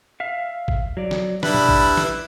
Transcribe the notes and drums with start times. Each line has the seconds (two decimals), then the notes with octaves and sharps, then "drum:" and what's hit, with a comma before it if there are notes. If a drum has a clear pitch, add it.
0.20 E5 F5
0.68 drum: kick A1
0.97 F#3 D5
1.11 drum: snare
1.43 G3 D4 E4 B4 B5, drum: snare
1.54 drum: tom
1.69 drum: kick A1
1.97 drum: snare